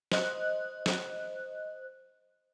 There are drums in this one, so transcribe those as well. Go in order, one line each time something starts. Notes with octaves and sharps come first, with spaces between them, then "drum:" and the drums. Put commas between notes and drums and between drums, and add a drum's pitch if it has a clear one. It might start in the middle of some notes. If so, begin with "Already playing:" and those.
C5 D#5 F#6, drum: snare
drum: snare